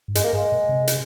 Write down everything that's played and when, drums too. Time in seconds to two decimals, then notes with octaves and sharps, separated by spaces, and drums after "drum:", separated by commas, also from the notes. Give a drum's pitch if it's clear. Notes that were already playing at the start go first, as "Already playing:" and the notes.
0.08 G#2
0.15 G2 G#3, drum: hi-hat
0.24 A#3
0.33 G#2 G#3
0.52 A#2
0.69 C3
0.87 drum: hi-hat